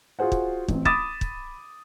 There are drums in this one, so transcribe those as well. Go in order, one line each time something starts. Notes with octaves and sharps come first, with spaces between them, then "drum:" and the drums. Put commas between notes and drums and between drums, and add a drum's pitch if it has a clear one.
F4 F#4 G#4 C5 F#5
drum: kick
A1 C4, drum: kick
B5 D6 D#6 A6 E7, drum: kick
drum: kick